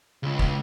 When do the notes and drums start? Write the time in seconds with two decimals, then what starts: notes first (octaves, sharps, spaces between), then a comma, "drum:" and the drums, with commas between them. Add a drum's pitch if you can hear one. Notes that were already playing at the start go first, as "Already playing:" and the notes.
0.23 C#2
0.39 drum: kick